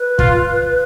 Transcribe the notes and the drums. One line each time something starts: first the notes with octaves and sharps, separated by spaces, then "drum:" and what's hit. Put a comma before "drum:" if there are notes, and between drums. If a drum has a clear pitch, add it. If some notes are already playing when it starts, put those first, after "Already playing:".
Already playing: B4
F4, drum: kick